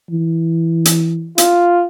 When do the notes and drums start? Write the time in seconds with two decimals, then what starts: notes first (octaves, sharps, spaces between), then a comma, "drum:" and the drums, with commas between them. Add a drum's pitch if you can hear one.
0.11 E3
0.85 drum: hi-hat
1.38 F4, drum: hi-hat